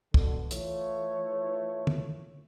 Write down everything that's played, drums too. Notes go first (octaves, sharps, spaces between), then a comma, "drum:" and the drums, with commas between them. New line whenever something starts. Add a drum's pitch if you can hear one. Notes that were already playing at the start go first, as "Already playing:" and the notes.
B2 D3, drum: kick
E3 A3 F4 C#5, drum: hi-hat
drum: tom